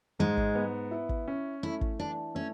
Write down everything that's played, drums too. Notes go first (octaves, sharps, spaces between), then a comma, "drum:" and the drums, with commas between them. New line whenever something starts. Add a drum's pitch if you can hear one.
G#2 G#3
drum: kick
B3
E4
drum: kick
C#4
A3 E4
drum: kick
E3 D4
A3 C#4